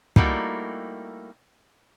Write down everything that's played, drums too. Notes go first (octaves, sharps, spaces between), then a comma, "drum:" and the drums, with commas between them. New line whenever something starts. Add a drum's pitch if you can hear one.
G3 A3 A#3 D#4 E4 F#4, drum: kick